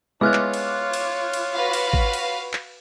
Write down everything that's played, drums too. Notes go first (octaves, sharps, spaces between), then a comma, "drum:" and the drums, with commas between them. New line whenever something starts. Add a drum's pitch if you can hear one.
G#3 B3 E4 F4 C#5 D6 F6 F#6
drum: clap
drum: cymbal
drum: cymbal
drum: cymbal
F#4 B4 F5
drum: cymbal
drum: kick
drum: cymbal
drum: clap